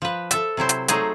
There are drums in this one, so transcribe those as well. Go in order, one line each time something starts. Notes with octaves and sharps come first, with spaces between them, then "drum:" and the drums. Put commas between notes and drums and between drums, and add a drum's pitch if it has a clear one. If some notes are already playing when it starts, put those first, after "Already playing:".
F3 B4
A4 E5, drum: hi-hat
C3 F#3 E4 C5
drum: hi-hat
F#3 A3 D#4 G#4 C5, drum: hi-hat